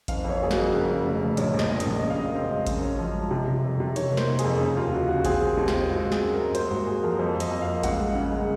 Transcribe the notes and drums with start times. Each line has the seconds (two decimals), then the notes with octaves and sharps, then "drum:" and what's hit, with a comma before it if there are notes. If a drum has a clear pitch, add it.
0.08 F#1 F5, drum: kick A1, hi-hat
0.24 F2
0.30 C#5
0.40 A#3 G#4
0.51 F#4, drum: snare
0.57 F2
0.73 C#3 A#4
0.89 C#3
1.05 F1
1.21 F1
1.37 A#1 C#5, drum: hi-hat
1.54 A#1
1.59 D#5, drum: snare
1.70 A#2
1.80 D#5, drum: hi-hat
1.86 A#1
2.02 C#3 D#5
2.10 F5
2.18 F#2 D#5
2.35 C4
2.51 G#3
2.67 F#2 D#5, drum: kick A1, hi-hat
2.82 C#4
2.99 F3
3.15 G#3
3.31 C3
3.48 C3
3.64 F2
3.80 C3
3.96 D#3 C#5, drum: hi-hat
4.12 A#3
4.17 C5, drum: snare
4.28 A#3
4.39 G#4, drum: hi-hat
4.44 F2
4.60 C#3
4.76 D#2 F4
4.93 D#2 F#4
5.09 C#3 F#4
5.25 C4 G#4, drum: kick A1, hi-hat
5.41 D#2
5.57 D#2
5.68 F4, drum: snare
5.74 C4
5.89 G#1 F#4
6.06 G#3
6.12 G#4, drum: snare
6.22 F#2
6.33 A#4
6.38 F#2
6.55 A#3 C5, drum: hi-hat
6.70 G#1 F#4
6.86 A#3 G#4
7.03 F3 A#4
7.19 F2 C5
7.35 F3
7.40 D#5, drum: hi-hat
7.51 F2
7.62 A#3 F5
7.83 C#2 F#5, drum: kick A1, hi-hat
7.99 G#3
8.16 C#3
8.31 G#3